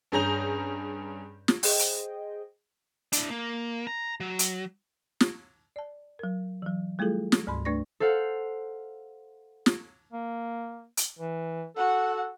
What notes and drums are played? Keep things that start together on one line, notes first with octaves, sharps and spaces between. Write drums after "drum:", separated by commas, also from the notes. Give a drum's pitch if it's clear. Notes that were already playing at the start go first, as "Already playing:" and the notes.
G2 C#4 G#4 A#5 G6 F7
drum: snare
G#4 C5 D#5 G5, drum: open hi-hat
drum: hi-hat
D4 E4, drum: hi-hat
A#3
A#5
F#3
drum: hi-hat
drum: snare
D5 A5
F#3 A#4
E3 F#3
G3 A3 E4 F4 G#4 A4
drum: snare
D2 G#2 B5 C6
A3 D4 B4 D5 C#6 A#6
A4 C5 F5 F#5
drum: snare
A#3
drum: hi-hat
E3
F#4 A4 F#5